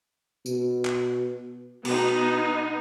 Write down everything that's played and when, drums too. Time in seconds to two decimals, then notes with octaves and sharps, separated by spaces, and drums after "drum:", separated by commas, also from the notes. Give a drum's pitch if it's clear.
0.46 B2, drum: tambourine
0.85 drum: clap
1.85 B2 B3 D#4, drum: cymbal